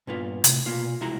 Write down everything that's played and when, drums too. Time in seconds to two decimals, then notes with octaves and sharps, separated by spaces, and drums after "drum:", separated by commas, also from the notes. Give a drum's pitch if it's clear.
0.07 G2 A#2 B3 F4
0.44 A2 C3, drum: hi-hat
0.66 B2 A#3 F4
1.01 C2 G#3 E4 F#4 A#5